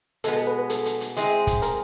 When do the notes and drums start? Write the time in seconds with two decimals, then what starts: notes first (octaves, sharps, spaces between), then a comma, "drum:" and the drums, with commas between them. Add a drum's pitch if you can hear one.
0.24 B2 G#3 B3 A4, drum: hi-hat
0.36 A4
0.47 B4
0.59 B4
0.70 A4, drum: hi-hat
0.86 drum: hi-hat
1.01 drum: hi-hat
1.16 G#3 C4 E4 G#4, drum: hi-hat
1.47 drum: kick, hi-hat
1.62 A#4, drum: hi-hat